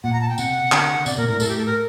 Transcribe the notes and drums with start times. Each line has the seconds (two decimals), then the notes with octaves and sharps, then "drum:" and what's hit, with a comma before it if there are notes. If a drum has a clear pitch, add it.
0.04 A#2 F#5
0.13 A#5
0.21 A5
0.29 G5
0.38 C3 F#5, drum: tambourine
0.72 D3, drum: clap
1.06 C3 D5, drum: tambourine
1.17 A#2 A#4
1.28 A2 A#4
1.40 A2 A4, drum: tambourine
1.48 G4
1.57 A4
1.66 A#4